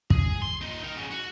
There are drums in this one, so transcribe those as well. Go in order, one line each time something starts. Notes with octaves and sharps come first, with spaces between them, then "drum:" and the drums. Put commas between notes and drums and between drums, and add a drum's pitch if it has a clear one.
G#4, drum: kick
C6
A#2 D#4
D#4 A#4
G#2 C#3
F#4